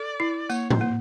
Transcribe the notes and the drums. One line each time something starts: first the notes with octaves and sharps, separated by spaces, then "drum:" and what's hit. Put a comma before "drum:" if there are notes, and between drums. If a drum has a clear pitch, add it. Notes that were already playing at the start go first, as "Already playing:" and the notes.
Already playing: A4 D5
E4
A#3 C#5, drum: tambourine
C5, drum: tom A2
A#3